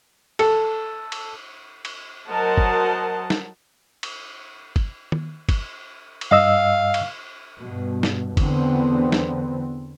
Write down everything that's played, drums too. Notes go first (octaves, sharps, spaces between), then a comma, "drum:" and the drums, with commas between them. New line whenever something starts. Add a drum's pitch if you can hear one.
A4, drum: cymbal
drum: cymbal
drum: cymbal
F#3 A#4 C5 D#5 F#5 A5
drum: kick G1
drum: snare
drum: cymbal
drum: kick G1, cymbal
drum: tom D#3
drum: kick G1, cymbal
drum: cymbal
G2 D#5 F5 E6
drum: cymbal
G2 B2
drum: snare
E2 D3 B3 C4, drum: kick G1, cymbal
drum: snare